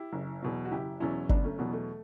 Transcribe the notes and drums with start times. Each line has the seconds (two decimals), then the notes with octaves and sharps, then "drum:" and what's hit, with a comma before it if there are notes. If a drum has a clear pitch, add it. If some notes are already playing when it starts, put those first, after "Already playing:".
Already playing: E4 G4
0.13 F#1
0.43 E2 B2 F#3
0.65 F#4
0.71 F#1 E4 G4
1.00 E2 B2 F#3 C#4 E4
1.29 F#1 B3 D4, drum: kick G1
1.44 A3 C#4
1.58 E2 B2 F#3 B3
1.73 A3